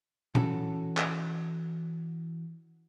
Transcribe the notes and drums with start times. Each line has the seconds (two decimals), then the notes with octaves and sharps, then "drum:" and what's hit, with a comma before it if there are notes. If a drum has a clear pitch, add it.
0.35 E3 C#4 F#4 A4, drum: tom A#2
0.97 drum: clap